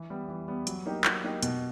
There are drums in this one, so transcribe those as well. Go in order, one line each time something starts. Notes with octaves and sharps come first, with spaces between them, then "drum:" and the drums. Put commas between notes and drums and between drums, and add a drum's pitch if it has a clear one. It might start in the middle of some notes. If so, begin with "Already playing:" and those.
Already playing: E3
G3 B3
E3
G3 B3
F#3, drum: hi-hat
A#3 D#4 G4
F#3, drum: clap
A#3 D#4 G4
B2, drum: hi-hat